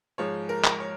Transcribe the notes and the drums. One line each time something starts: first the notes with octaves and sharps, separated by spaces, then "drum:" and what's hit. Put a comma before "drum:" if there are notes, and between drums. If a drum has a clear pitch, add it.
G#2 F3 G#3 C#5
A#4
drum: clap
C#5